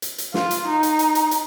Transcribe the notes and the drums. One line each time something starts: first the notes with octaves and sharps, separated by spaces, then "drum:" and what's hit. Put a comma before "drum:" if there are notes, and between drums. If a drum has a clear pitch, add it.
drum: hi-hat
drum: hi-hat
F4, drum: snare
drum: hi-hat
D#4
drum: hi-hat
drum: hi-hat
drum: hi-hat
drum: hi-hat